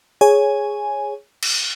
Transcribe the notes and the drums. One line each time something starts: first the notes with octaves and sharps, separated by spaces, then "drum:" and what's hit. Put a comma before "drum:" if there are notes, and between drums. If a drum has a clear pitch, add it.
G#4 C#5 G#5
drum: cymbal